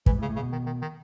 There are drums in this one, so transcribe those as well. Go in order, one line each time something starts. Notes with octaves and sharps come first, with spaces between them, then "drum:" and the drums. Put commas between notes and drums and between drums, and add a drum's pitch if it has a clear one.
G#2 E3, drum: kick
A2
C#3
A2
C#3
B2
D#3
D#3
D#3